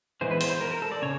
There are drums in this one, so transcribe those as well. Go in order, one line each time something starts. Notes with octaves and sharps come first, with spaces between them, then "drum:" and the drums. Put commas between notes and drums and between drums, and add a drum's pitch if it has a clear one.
E3 G#3 B3 C5
B4
C5, drum: open hi-hat
C5
A#4
A#4
A4
D5
C#3 C#5